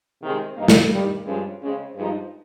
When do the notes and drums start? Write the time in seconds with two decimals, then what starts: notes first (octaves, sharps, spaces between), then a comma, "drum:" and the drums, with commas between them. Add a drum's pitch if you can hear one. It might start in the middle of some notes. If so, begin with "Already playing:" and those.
0.22 C3 D#3 G#3 C4
0.56 G2 D#3 A#3 D#4
0.68 drum: snare
0.92 G2 D#3 G3
1.26 G2 F3 G#3 C#4 F4
1.61 C#3 G#3 C4
1.96 G2 F3 G#3 D#4